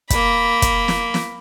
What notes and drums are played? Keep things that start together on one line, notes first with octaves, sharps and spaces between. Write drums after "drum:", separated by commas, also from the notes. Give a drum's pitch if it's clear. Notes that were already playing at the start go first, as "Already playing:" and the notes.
A#3 B5, drum: kick, hi-hat
drum: kick, hi-hat
drum: snare
drum: snare